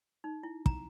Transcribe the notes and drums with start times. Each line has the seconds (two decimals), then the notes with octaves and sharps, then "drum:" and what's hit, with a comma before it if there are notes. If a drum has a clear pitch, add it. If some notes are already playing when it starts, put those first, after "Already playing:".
0.24 D#4
0.43 E4
0.66 A#5, drum: kick